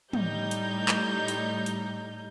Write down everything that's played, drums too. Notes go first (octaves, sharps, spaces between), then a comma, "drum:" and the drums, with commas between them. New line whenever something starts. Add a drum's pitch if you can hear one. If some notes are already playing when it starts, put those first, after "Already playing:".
A2 G3 D#4 G6, drum: tom
drum: hi-hat
drum: clap
drum: hi-hat
drum: hi-hat